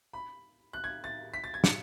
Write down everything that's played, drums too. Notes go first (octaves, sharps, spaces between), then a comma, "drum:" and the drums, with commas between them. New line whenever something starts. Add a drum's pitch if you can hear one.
B5
F#6
G#6
A6
B6
A6
G#6
C#7, drum: snare